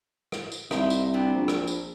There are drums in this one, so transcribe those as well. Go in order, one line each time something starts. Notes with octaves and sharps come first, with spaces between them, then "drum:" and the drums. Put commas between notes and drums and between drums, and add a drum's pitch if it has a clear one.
drum: rim click
drum: tambourine
C2 D#4 E4 C5, drum: rim click
drum: tambourine
B3 C4 D4
A#1
drum: rim click
drum: tambourine